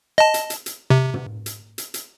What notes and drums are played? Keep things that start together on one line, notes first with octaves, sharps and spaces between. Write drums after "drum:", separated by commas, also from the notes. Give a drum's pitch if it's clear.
D#5 A5
drum: hi-hat
drum: hi-hat
drum: hi-hat
C3
drum: tom
drum: hi-hat
drum: hi-hat
drum: hi-hat